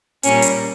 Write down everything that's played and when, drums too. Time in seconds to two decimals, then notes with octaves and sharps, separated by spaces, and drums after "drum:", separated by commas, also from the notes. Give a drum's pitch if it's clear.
0.23 A#2 G3 A#3 C#4, drum: hi-hat
0.42 drum: hi-hat